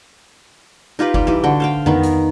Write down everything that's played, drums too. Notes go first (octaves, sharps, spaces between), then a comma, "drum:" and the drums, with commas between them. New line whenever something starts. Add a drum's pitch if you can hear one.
D#4 F4 G4 B4
G3, drum: kick F#1
E3 G4
D3 F#4 G5
C5 F5 G5
D#3 B3, drum: tom F2
drum: hi-hat